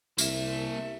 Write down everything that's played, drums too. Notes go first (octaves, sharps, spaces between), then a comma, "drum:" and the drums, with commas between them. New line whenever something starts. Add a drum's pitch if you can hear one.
C2 A#3 E5, drum: tambourine